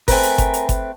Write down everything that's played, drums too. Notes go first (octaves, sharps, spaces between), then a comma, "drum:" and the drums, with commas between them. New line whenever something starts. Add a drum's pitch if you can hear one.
A3 C4 A#4 B4 G#5, drum: kick G1, open hi-hat
drum: hi-hat
drum: kick G1, hi-hat
drum: hi-hat
drum: kick G1, hi-hat